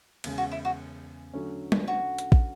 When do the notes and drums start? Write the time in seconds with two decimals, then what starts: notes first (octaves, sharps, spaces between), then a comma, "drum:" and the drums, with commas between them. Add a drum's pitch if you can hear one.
0.24 E2 C#3 G#3, drum: cymbal
0.38 F#4
0.51 E4
0.65 F#4
1.33 D3 F#3 A3 C#4
1.72 drum: tom G3
1.88 F#4
2.18 drum: hi-hat
2.32 drum: kick